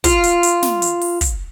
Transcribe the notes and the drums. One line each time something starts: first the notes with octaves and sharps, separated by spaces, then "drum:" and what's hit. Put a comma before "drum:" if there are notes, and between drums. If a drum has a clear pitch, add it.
F4, drum: kick, hi-hat
drum: hi-hat
drum: hi-hat
drum: snare
drum: hi-hat
drum: open hi-hat
drum: kick, hi-hat